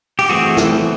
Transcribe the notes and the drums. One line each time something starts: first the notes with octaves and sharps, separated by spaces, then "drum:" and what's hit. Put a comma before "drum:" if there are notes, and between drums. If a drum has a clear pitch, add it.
G4, drum: open hi-hat
E3 A3 C4 F#4 G#4
drum: snare